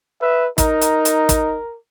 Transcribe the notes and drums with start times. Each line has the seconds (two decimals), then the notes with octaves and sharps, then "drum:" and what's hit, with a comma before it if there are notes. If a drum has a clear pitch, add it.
0.21 B4 E5
0.58 D#4 A#4, drum: kick, hi-hat
0.82 drum: hi-hat
1.05 drum: hi-hat
1.29 drum: kick, hi-hat